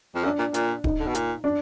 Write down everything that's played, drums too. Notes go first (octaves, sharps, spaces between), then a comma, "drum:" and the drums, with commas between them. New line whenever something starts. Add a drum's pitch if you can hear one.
F2
F#2 D4
A#2
A#2, drum: hi-hat
D#4, drum: kick D1
D3
B2
A#2, drum: hi-hat
D4